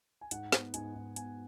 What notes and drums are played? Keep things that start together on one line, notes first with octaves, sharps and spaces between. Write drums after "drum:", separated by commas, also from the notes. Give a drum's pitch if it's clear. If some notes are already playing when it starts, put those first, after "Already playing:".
G#5
G#2 F#5, drum: hi-hat
B3, drum: snare
G#2 G#5, drum: hi-hat
G#2
B3 G#5, drum: hi-hat